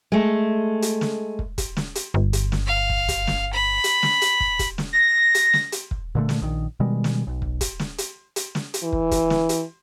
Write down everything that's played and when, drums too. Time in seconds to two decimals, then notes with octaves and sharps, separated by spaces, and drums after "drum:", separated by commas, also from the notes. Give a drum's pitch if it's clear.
0.12 G#3 A3
0.82 drum: hi-hat
1.01 drum: snare
1.39 drum: kick
1.58 drum: kick, hi-hat
1.77 drum: snare
1.95 drum: hi-hat
2.14 G1
2.33 drum: hi-hat
2.52 drum: snare
2.66 F5
2.90 drum: kick
3.08 drum: kick, hi-hat
3.27 drum: snare
3.53 B5
3.84 drum: hi-hat
4.03 drum: snare
4.22 drum: hi-hat
4.40 drum: kick
4.59 drum: kick, hi-hat
4.78 drum: snare
4.93 A#6
5.35 drum: hi-hat
5.53 drum: snare
5.72 drum: hi-hat
5.91 drum: kick
6.15 A#2 D3 F#3 A3
6.29 drum: snare
6.42 A#1 D#3
6.80 B2 D#3 G3 G#3
7.04 drum: snare
7.27 B1
7.42 drum: kick
7.61 drum: kick, hi-hat
7.80 drum: snare
7.98 drum: hi-hat
8.36 drum: hi-hat
8.55 drum: snare
8.74 drum: hi-hat
8.83 E3
8.93 drum: kick
9.11 drum: kick, hi-hat
9.30 drum: snare
9.49 drum: hi-hat